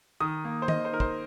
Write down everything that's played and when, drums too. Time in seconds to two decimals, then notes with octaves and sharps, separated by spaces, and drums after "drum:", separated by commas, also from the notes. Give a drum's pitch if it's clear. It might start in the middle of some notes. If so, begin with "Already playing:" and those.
0.20 D#3 D#6
0.45 A#3
0.62 C5
0.68 D#3 D#5, drum: tom
0.85 C5
0.92 D#4 A#4
1.00 C5, drum: kick